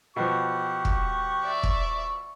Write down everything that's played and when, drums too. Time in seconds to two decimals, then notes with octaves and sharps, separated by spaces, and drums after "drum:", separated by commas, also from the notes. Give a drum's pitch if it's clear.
0.16 B2 F3 G4 F#5 C#6
0.85 drum: kick
1.44 D5 E5
1.63 drum: kick